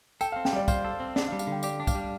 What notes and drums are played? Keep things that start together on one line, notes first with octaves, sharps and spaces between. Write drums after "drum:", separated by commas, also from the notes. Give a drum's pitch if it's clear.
A4 G5, drum: tambourine
F5
C4
G5, drum: snare
G3 D5
C5 F5, drum: kick, tambourine
A4
C4
D4 D5, drum: snare
F5
G3
F5, drum: tambourine
D3
G5
G4 D5, drum: tambourine
D4
F5, drum: kick, tambourine
G3